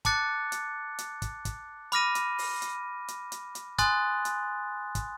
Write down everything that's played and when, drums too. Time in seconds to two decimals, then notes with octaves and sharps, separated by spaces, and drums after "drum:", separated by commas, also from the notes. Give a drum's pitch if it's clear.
0.05 A5 D6 F#6 A6 C#7, drum: kick, hi-hat
0.52 drum: hi-hat
0.99 drum: hi-hat
1.22 drum: kick, hi-hat
1.45 drum: kick, hi-hat
1.92 B5 D6 F6 A#6 D#7, drum: hi-hat
2.15 drum: hi-hat
2.38 drum: open hi-hat
2.62 drum: hi-hat
3.08 drum: hi-hat
3.32 drum: hi-hat
3.55 drum: hi-hat
3.78 G#5 C6 D#6 F#6 A6, drum: kick, hi-hat
4.25 drum: hi-hat
4.95 drum: kick, hi-hat